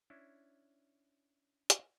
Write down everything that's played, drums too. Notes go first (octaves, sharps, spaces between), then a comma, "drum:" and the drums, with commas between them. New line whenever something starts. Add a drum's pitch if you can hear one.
C#4 D4 E4
drum: hi-hat